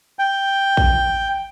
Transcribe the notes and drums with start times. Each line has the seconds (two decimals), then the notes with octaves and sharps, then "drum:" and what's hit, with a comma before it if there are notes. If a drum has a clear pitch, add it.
0.19 G5
0.77 drum: kick A1